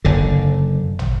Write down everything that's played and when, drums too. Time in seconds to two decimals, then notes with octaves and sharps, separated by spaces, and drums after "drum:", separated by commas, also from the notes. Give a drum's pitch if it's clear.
0.05 F#1 D3
0.99 drum: tom